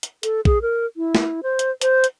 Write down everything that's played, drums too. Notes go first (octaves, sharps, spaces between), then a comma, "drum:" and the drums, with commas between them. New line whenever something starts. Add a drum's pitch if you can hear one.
drum: hi-hat
A4, drum: hi-hat
G#4, drum: kick
A#4
E4
drum: snare
C5
drum: hi-hat
C5, drum: hi-hat
drum: hi-hat